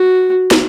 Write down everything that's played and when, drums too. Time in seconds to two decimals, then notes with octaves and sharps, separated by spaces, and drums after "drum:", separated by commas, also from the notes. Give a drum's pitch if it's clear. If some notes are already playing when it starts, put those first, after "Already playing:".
Already playing: F#4
0.51 drum: snare